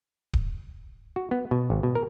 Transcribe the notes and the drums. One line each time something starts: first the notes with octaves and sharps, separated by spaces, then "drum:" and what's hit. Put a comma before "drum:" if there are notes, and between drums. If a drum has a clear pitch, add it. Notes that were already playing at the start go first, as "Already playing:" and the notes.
drum: kick D1
F#4
B3
B2
G#1
B2
A#4